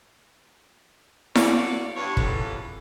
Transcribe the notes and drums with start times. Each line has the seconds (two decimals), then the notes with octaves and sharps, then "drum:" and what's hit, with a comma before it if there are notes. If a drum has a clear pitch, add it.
1.35 F4 F#4 A4 C#5 D5, drum: snare E4
1.96 G2 C#5
2.17 F2 E3 B3 C#4 G#4 A4, drum: kick